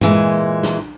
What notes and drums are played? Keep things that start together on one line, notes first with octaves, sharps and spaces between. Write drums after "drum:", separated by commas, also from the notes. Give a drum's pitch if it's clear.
A#2 E3 G#3, drum: tom G2
drum: snare